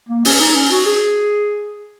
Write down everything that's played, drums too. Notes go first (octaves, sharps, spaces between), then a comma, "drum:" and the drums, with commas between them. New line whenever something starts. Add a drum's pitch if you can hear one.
A#3
C#4, drum: open hi-hat
D#4
C#4
F#4
G#4